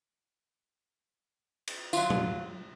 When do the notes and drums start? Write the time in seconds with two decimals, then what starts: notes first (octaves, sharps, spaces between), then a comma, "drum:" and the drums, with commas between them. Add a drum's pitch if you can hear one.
1.67 drum: cymbal
1.93 F#3 F4, drum: tambourine
2.10 drum: tom